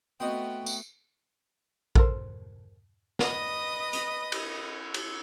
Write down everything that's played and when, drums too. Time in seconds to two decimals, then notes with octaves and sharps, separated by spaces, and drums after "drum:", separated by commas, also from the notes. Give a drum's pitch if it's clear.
0.20 A3 B3 C4 F#4 D#5 G5 D#6
0.66 drum: tambourine
1.95 A4 A#4 C5, drum: kick A#1
3.19 B4 D#5 D#6 A#6, drum: snare
3.93 drum: hi-hat
4.32 drum: cymbal
4.94 drum: cymbal